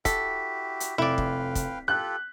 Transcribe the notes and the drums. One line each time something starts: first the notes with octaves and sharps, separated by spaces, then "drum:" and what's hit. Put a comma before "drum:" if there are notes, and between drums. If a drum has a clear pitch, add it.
E4 F#4 G4 A4 B6, drum: kick, hi-hat
drum: hi-hat
F1 E4 B4 D5 F5 G5
drum: kick
drum: kick, hi-hat
F4 G4 A4 F#6